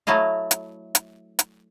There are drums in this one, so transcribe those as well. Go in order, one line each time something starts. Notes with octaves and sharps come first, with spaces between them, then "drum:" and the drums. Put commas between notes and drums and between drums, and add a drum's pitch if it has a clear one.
F#3 A3 E4 D#5 F5
drum: hi-hat
drum: hi-hat
drum: hi-hat